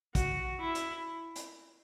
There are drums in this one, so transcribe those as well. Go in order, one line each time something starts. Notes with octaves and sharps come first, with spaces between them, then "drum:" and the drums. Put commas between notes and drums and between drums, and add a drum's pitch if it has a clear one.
F#4, drum: kick, hi-hat
E4
drum: hi-hat
drum: hi-hat